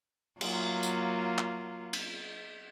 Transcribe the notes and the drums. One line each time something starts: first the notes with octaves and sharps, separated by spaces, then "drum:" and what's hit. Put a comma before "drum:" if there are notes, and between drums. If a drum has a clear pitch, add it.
F#3 A#3 F4, drum: cymbal
drum: tambourine
drum: clap
drum: cymbal